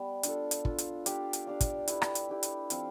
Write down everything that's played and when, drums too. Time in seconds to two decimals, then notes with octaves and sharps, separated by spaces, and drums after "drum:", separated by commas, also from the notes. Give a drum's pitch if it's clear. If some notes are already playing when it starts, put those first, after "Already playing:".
Already playing: G3 B3
0.23 D4 F4 A4, drum: hi-hat
0.51 drum: hi-hat
0.65 D4 F4 A4, drum: kick
0.78 drum: hi-hat
1.06 D4 G4 D5 F5, drum: hi-hat
1.33 drum: hi-hat
1.47 D4 G4 D5 F5
1.61 drum: kick, hi-hat
1.88 E4 G4 B4, drum: hi-hat
2.02 drum: rim click
2.15 drum: hi-hat
2.29 E4 G4 B4
2.43 drum: hi-hat
2.70 F3 C4 F4, drum: hi-hat